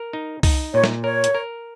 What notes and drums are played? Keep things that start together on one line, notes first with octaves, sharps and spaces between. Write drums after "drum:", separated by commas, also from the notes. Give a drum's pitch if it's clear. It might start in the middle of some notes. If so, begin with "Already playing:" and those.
Already playing: A#4
D#4
D#4, drum: kick C2, open hi-hat
A#2 C#5
drum: snare
A#4 C#5
drum: hi-hat
A#4